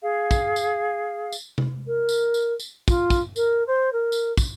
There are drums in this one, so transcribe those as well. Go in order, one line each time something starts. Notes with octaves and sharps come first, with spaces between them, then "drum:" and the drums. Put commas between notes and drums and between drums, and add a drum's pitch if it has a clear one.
G#4 F5
drum: kick, tambourine
drum: tambourine
drum: tambourine
drum: tom C3
A#4
drum: tambourine
drum: tambourine
drum: tambourine
F4, drum: kick, tambourine
drum: kick, tambourine
A#4, drum: tambourine
C5
A#4
drum: tambourine
drum: kick, tambourine